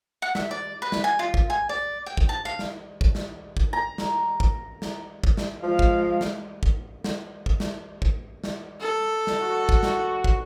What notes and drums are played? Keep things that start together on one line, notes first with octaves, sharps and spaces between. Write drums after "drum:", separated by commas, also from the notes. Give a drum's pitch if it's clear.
F#5
E5, drum: snare
D5
B4
drum: snare
G#5
F4
drum: kick
G#5
D5
G5
drum: kick
A5
F5
drum: snare
drum: kick
drum: snare
drum: kick
A#5
drum: snare
drum: kick
drum: snare
drum: kick
drum: snare
F3 G#3 F5
drum: kick
drum: snare
drum: kick
drum: snare
drum: kick
drum: snare
drum: kick
drum: snare
A4
drum: snare
F#4
drum: kick
drum: snare
drum: kick